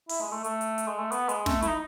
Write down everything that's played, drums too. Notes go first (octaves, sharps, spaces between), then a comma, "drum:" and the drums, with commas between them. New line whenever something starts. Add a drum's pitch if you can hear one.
E4, drum: open hi-hat
G#3
A3
A3, drum: hi-hat
drum: hi-hat
drum: hi-hat
G#3
A3
B3, drum: hi-hat
G#3, drum: hi-hat
A3, drum: snare
E4, drum: hi-hat
D#4